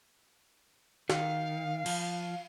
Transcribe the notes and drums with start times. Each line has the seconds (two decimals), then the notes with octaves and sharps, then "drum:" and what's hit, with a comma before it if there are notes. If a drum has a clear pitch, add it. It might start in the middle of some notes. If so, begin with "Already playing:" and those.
1.10 D#3 F5, drum: snare
1.86 F3, drum: cymbal